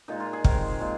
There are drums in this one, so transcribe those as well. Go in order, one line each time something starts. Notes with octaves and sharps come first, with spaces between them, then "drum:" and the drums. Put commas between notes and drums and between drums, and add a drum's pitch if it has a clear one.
A#2 G#3 D#4
F4
G#4
C3 D#3 G#3 A#4, drum: kick
A#2 G#3